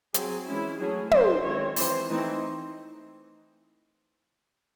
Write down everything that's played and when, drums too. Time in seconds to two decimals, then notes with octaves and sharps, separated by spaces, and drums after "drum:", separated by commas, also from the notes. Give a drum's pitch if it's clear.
0.14 F#3 C4 G#4, drum: hi-hat
0.47 E3 G#3 C#4 E4
0.79 F#3 A3 C#4 G#4
1.11 F#3 C4 C5, drum: tom
1.44 D#3 G#3 C4 C#5
1.76 E3 C4 C5, drum: open hi-hat
2.09 E3 A3 C4 D#4